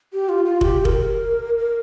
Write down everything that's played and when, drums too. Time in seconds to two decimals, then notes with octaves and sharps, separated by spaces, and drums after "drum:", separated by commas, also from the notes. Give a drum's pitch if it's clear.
0.13 G4
0.29 F4
0.45 F4
0.61 G4, drum: kick F1
0.81 G4
0.85 A#4, drum: kick F1
1.58 A#4